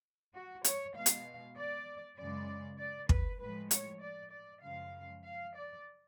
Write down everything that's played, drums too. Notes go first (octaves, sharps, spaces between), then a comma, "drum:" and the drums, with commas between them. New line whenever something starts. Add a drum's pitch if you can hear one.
F#4
C#5, drum: hi-hat
B2 G#3 F5
drum: hi-hat
D5
F#2 C#3 G#3 D5
D5
B4, drum: kick
A2 F3 G#3 B4
C#5, drum: hi-hat
D5
D5
F#2 C#3 F3 G#3 F5
F5
D5